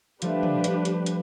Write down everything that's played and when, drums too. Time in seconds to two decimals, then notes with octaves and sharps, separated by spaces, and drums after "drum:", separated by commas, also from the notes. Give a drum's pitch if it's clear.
0.22 F3 G3 A3 D4 G4 B4, drum: hi-hat
0.43 drum: tom
0.64 drum: hi-hat
0.85 drum: hi-hat
1.06 drum: hi-hat